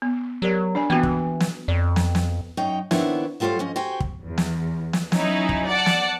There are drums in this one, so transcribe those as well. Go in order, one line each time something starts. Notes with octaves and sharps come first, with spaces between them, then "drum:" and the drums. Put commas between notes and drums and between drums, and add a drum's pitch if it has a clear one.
B3
F#3 G4 A#4 D5
D4 D5 G#5
E3 A#3 B3 F#4
drum: kick
drum: snare
F2 D5
drum: snare
drum: snare
F#2 D#4 C#5 G5
D#3 B3 C4 D4 E4 C#5, drum: snare
F#3 G3 F4 A4 C5 C#5
F3 C#4 D#5
F#4 G4 C5 G5 G#5
drum: kick
E2
drum: snare
drum: snare
F#3 C#4 D#4 E4, drum: snare
drum: kick
D5 F#5 A5
drum: snare